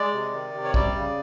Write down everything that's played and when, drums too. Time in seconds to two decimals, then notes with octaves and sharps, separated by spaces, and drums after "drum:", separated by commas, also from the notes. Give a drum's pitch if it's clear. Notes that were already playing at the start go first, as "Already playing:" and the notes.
Already playing: G#3 D5
0.13 C3
0.33 D#3
0.54 C3
0.64 C#5
0.74 G3 D5, drum: kick
0.95 C#3